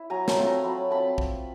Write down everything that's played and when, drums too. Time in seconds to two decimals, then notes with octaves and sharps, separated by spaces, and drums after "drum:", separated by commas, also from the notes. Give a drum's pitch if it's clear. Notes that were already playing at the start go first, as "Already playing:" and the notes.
Already playing: E4
0.10 F#3 G#5 A#5
0.28 A5 B5, drum: snare
0.37 A3 C4 F4
0.46 G#5 A#5
0.64 F#3 A5 B5
0.90 A3 C4 F4 A5 B5
1.18 drum: kick